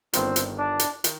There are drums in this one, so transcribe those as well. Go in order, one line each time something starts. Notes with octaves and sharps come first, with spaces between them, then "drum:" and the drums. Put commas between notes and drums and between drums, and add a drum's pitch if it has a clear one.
G1 G2 D#3 C4, drum: hi-hat
drum: hi-hat
D4
drum: hi-hat
D#3, drum: hi-hat